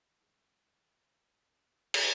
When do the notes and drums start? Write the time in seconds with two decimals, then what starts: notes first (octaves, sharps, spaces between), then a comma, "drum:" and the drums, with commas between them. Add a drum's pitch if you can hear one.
0.20 E3 G#3 D#4
1.94 drum: cymbal